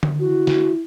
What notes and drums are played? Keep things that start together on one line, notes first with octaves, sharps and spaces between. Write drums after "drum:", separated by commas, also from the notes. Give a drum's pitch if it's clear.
drum: tom D3
E4 F#4
drum: snare